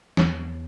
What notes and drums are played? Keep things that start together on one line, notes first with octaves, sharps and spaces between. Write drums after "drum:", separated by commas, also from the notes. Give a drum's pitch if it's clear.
E2, drum: snare